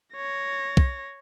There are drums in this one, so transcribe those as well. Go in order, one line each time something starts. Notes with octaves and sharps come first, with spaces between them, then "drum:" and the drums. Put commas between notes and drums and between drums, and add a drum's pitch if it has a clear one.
C#5 A#6
drum: kick